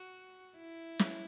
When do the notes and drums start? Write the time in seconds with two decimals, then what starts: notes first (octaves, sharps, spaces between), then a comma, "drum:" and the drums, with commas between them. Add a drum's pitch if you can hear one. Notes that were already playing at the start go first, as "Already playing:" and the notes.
Already playing: F#4
0.56 E4
0.99 drum: snare